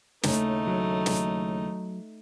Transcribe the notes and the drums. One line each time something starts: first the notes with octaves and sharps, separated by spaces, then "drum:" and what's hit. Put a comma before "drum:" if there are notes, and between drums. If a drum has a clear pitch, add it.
D#2 A2 C#3 A3 D#4, drum: snare
F#3
drum: snare